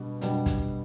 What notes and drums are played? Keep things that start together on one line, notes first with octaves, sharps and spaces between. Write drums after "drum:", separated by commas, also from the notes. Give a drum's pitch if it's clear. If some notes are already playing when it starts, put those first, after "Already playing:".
Already playing: B2 G3 B3 D4
B2 G3 B3 D4, drum: hi-hat
drum: kick, hi-hat